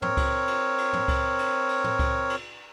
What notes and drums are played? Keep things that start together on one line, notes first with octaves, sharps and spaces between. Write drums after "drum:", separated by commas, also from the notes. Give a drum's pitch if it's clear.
C4 A#4 C#5, drum: tom
drum: kick C2, cymbal
drum: cymbal
drum: cymbal
drum: tom
drum: kick C2, cymbal
drum: cymbal
drum: cymbal
drum: tom
drum: kick C2, cymbal
drum: cymbal